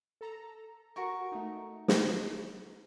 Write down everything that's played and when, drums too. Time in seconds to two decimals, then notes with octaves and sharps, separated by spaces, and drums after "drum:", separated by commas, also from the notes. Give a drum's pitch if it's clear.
0.21 A4 A#5
0.96 F#4 A#4 C#6
1.32 A3 D#4
1.88 drum: snare